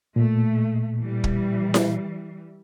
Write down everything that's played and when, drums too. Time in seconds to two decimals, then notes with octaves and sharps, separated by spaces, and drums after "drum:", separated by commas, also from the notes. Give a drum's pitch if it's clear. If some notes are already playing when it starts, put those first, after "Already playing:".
0.16 A#2 A3
0.99 E3 G3
1.24 drum: kick
1.74 drum: snare E4